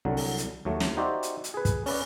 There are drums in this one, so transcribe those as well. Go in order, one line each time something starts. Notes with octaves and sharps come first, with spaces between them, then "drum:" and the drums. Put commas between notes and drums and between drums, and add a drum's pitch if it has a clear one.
C2 D3 F#3
drum: open hi-hat
drum: hi-hat
D#2 F#3 A3
drum: snare
D#4 F#4 G4 C5 D5 E5
drum: hi-hat
drum: hi-hat
G#4 B4
drum: kick, hi-hat
C#4 B4 D5, drum: open hi-hat